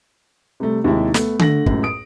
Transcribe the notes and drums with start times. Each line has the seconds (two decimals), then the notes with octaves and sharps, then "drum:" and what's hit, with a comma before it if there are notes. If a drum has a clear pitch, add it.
0.60 C3 G3 A3
0.84 D#2 C3 G#3 E4
1.14 A3 B3, drum: snare
1.39 D3 A3 A#6 F#7, drum: tom D3
1.66 C#2 F#2 A2, drum: kick
1.83 D#6 D7